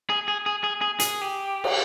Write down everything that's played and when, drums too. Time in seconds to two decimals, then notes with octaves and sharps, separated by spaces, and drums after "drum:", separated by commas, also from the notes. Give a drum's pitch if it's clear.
0.10 G#4
0.28 G#4
0.46 G#4
0.64 G#4
0.81 G#4
1.00 G#4, drum: hi-hat
1.21 G4
1.64 drum: cymbal